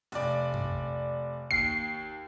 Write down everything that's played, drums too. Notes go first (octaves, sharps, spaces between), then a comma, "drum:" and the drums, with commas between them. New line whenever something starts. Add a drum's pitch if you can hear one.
F1 D5, drum: hi-hat
drum: tom F2
D#2 C7, drum: kick G1